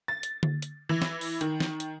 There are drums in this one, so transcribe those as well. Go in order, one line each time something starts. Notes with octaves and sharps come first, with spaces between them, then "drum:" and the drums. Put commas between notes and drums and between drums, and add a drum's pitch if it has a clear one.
A6
drum: hi-hat
drum: tom D3
drum: hi-hat
E3
drum: snare
drum: open hi-hat
D#3, drum: hi-hat
drum: snare
drum: hi-hat